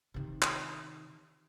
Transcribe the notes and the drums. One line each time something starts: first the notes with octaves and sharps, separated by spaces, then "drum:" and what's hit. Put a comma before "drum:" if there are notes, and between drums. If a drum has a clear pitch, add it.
C3 D#3
drum: clap